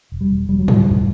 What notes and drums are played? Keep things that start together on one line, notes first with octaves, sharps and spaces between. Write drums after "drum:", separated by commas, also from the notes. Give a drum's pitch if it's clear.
E1
G3
E1
E1 G3
F#3
D2 G3, drum: tom
E1